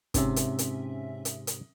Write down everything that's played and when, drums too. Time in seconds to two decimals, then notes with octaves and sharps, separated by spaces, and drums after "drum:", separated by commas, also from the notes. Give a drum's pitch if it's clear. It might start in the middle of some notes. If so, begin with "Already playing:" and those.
0.14 G#2 C3 C4 C#4 E5, drum: kick, hi-hat
0.36 drum: hi-hat
0.59 drum: hi-hat
1.25 drum: hi-hat
1.47 drum: hi-hat